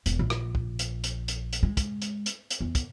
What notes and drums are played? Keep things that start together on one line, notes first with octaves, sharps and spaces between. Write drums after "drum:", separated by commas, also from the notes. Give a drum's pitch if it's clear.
E1, drum: hi-hat
A#1
drum: rim click
drum: kick
drum: hi-hat
drum: hi-hat
drum: hi-hat
drum: hi-hat
G#3
drum: kick, hi-hat
drum: hi-hat
drum: hi-hat
drum: hi-hat
E2
drum: kick, hi-hat